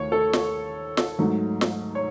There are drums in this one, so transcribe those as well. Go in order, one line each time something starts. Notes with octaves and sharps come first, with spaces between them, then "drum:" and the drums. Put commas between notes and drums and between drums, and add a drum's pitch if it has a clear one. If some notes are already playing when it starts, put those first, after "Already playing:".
Already playing: D#2 A3 C#5
A4
drum: snare
drum: snare
G#2 F#3 A3
drum: snare
C#5